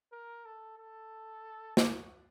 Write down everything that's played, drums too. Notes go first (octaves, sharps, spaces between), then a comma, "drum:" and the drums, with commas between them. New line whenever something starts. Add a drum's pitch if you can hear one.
A#4
A4
A4
F#4, drum: snare